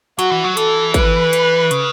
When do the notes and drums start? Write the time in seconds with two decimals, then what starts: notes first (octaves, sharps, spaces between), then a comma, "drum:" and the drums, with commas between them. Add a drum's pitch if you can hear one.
0.19 F#3 F#4, drum: hi-hat
0.32 E3
0.44 F#3
0.57 E3 A4, drum: hi-hat
0.94 B4, drum: kick, hi-hat
1.33 drum: hi-hat
1.71 C#3, drum: hi-hat